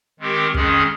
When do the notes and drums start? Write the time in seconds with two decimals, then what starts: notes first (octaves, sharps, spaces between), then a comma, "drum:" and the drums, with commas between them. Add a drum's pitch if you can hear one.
0.20 D#3 G#3 C4 G4 A#4
0.54 F2 D#3 G#3 C#4 G#4, drum: kick